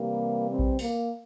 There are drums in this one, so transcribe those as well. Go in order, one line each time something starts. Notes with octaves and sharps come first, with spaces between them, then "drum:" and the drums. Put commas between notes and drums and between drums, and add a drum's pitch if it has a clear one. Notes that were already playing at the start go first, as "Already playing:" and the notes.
Already playing: C3 E3 G3 A#3
C4
drum: kick A#1
A#3, drum: open hi-hat